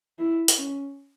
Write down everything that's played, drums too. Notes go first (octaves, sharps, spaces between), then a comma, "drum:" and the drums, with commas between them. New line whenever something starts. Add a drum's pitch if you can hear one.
E4
drum: hi-hat
C#4